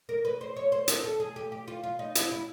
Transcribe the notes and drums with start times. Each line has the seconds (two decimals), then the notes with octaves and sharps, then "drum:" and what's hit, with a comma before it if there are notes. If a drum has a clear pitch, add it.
0.09 A#4
0.25 B4
0.41 C5
0.56 C#5
0.72 C5
0.88 A#4, drum: hi-hat
1.04 A4
1.20 G#4
1.36 G4
1.52 G4
1.68 F4
1.84 F4
1.99 D#4
2.15 E4, drum: hi-hat
2.32 E4